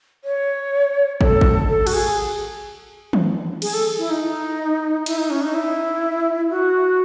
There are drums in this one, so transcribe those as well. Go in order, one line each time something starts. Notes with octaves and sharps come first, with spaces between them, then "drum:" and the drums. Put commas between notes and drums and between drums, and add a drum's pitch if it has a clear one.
C#5
A4, drum: kick
drum: kick
A4
F#4, drum: cymbal
G#4
drum: tom
G#4, drum: cymbal
A4
E4
D#4
E4, drum: cymbal
D#4
C#4
D#4
E4
F#4